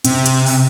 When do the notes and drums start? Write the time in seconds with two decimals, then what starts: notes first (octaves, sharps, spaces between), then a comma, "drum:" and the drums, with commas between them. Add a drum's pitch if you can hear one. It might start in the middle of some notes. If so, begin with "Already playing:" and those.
0.05 C3 C4, drum: hi-hat
0.26 drum: hi-hat
0.46 drum: open hi-hat